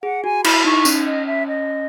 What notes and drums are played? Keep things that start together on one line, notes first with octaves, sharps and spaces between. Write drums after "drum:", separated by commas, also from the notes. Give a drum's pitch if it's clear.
G#4 F#5
F#4 G#5
E4 B5, drum: cymbal
D#4 C#6
C#4, drum: tambourine
D#5
E5
D#5